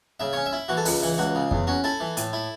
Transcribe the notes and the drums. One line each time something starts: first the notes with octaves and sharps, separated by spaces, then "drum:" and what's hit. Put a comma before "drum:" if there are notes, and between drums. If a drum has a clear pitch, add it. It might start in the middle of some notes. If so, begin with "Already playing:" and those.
C#3 E5
C#4 C#5
E5
E4
E3 F#4
A4
C#2 B4, drum: open hi-hat
E3
C#2 F#4
C#3
E2, drum: kick F2
C#4 F#4
E4 A4
E3
A2, drum: hi-hat
E4